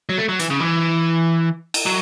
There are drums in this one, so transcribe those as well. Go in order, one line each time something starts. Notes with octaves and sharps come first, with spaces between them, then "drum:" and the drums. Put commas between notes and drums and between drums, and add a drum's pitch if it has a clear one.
F#3
A3
F#3
E3, drum: hi-hat
C#3
E3
drum: cymbal
F#3